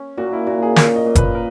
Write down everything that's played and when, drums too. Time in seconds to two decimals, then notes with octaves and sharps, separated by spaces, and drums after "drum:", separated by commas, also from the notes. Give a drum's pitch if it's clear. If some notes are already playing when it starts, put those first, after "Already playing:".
Already playing: C#4
0.17 A#2 F#4
0.33 E4
0.47 A#2 F#4
0.62 G#4
0.76 C#4 A#4, drum: snare
0.96 D#5
1.06 A#2
1.15 B4, drum: kick F#1, hi-hat
1.35 A#4